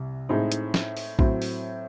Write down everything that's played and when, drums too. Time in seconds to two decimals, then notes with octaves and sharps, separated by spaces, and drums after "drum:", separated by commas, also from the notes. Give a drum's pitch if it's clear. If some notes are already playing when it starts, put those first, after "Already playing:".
Already playing: C2 C3
0.29 A2 G#3 C4 D#4
0.52 drum: hi-hat
0.74 drum: snare
0.97 drum: open hi-hat
1.19 A2 F#3 C4, drum: kick A#1
1.42 drum: open hi-hat